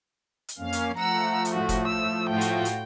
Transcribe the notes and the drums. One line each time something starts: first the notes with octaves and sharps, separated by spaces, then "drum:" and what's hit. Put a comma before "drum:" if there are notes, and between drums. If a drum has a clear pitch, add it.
drum: hi-hat
F2 A#3 C#4 F5
drum: hi-hat
F3 A3 F#5 A#5 E6
drum: hi-hat
A2 F#4
drum: kick, hi-hat
E6
A2 F4 F#4 G5
drum: hi-hat
drum: hi-hat